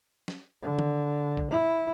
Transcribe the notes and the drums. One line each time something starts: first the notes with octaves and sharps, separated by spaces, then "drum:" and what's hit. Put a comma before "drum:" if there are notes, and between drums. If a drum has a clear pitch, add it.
drum: snare
D3
drum: tom D#3
drum: kick B1
E4